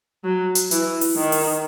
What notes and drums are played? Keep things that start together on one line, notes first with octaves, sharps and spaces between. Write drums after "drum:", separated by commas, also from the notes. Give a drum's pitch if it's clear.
F#3
drum: hi-hat
E3, drum: hi-hat
drum: open hi-hat
D#3
drum: open hi-hat